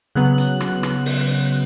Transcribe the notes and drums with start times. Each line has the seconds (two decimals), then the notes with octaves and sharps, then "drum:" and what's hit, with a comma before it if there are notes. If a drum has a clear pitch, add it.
0.15 C#3 F#3 B3 F#6
0.38 drum: hi-hat
0.60 drum: rim click
0.83 drum: rim click
1.06 drum: open hi-hat
1.28 drum: hi-hat